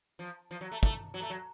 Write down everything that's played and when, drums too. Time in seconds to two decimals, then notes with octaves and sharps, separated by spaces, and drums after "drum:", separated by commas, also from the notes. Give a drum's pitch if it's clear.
0.19 F3
0.51 F3
0.61 F#3
0.72 A3
0.83 A3, drum: kick
1.14 F#3
1.22 A3
1.30 F#3